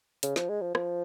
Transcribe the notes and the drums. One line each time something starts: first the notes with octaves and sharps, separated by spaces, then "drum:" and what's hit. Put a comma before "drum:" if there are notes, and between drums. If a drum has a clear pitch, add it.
C#3, drum: hi-hat
F3, drum: snare
G#3
F3
F3, drum: rim click